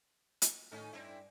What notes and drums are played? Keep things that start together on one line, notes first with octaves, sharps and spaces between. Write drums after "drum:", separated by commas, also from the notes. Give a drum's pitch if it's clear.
drum: hi-hat
A2 D#3 C#4 D#4 F4 A4
G2 C4 D4 E4 D5